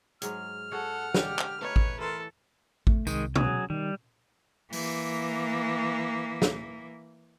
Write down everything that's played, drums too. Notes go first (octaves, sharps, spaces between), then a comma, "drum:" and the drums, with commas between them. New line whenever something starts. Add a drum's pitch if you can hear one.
G#2 F#3 G#4 F6, drum: hi-hat
F#4 G#4 A4 C#5 F#5
D3 G#3 D4 G4, drum: snare
drum: clap
A3 D#4 B4 C#5
drum: kick G#1
E3 A4 A#4 C6
A3, drum: kick G#1
C2 D#3 G#3, drum: tambourine
F#3 G#4, drum: tom B2
D#3 G3
E3 A#3, drum: open hi-hat
drum: snare